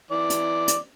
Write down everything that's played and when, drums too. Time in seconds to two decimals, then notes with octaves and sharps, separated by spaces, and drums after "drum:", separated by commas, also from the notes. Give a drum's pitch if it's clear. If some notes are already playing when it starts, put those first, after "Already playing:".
0.11 E3 D5
0.30 drum: hi-hat
0.68 drum: hi-hat